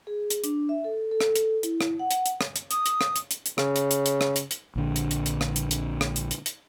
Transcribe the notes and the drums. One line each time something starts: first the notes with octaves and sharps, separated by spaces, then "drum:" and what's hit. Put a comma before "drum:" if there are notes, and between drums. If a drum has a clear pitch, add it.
G#4
drum: hi-hat
D4, drum: hi-hat
E5
A4
A4
drum: rim click
drum: hi-hat
E4, drum: hi-hat
drum: rim click
F#5
drum: hi-hat
drum: hi-hat
drum: rim click
drum: hi-hat
D#6, drum: hi-hat
drum: hi-hat
drum: rim click
drum: hi-hat
drum: hi-hat
drum: hi-hat
C#3, drum: rim click
drum: hi-hat
drum: hi-hat
drum: hi-hat
drum: rim click
drum: hi-hat
drum: hi-hat
A#1 D3
drum: hi-hat
drum: hi-hat
drum: hi-hat
drum: rim click
drum: hi-hat
drum: hi-hat
drum: rim click
drum: hi-hat
drum: hi-hat
drum: hi-hat